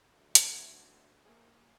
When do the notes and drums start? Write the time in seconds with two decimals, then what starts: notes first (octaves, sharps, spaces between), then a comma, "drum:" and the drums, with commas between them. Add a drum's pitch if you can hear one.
0.12 D2
0.35 drum: hi-hat
0.46 A3 C4 F#5 G#6
1.25 A3 A#3 G#4 A#4 C5